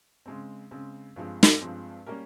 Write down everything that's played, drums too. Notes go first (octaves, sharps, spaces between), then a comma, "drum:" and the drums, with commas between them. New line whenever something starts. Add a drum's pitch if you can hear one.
C#3 G#3 C4
C#3 G#3 C4
G2 F3 G#3 C4
drum: snare
G2 F3 G#3 C4
G3 A#3 C#4 G4 A#4